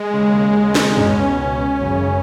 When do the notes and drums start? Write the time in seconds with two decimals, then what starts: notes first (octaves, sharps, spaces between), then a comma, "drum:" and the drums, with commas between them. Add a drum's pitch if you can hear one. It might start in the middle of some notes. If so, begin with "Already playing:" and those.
Already playing: G#3
0.14 D#2 C#3
0.75 drum: snare
0.92 D#4
0.97 C#2 B2 C#4, drum: tom F2
1.80 G#1 F#2 C#3